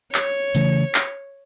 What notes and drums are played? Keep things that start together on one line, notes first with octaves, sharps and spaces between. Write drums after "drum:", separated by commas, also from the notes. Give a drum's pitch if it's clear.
C#5, drum: clap
C#3 E3 A3 C#4, drum: hi-hat
drum: clap